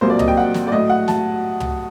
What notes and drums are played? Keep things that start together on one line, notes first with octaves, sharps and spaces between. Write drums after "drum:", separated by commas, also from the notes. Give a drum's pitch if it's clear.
C2 A#2 F#3 A#3 C5
D5
D#5, drum: tom
G5
F#5
drum: snare
D5
A2 F#3 A3 D#5
F#5
A5, drum: snare
drum: tom